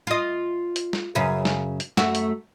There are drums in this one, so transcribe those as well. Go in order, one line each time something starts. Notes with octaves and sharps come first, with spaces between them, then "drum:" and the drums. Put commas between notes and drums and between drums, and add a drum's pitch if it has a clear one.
F4 D#5
drum: hi-hat
drum: snare
F#2 C#3 B4
drum: snare
drum: hi-hat
F#2 A3 F#4, drum: snare
drum: hi-hat